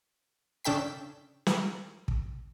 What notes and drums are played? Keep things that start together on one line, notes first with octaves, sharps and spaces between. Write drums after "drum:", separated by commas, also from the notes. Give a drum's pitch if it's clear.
C#3 D4 A4 G5 B6
drum: snare
drum: kick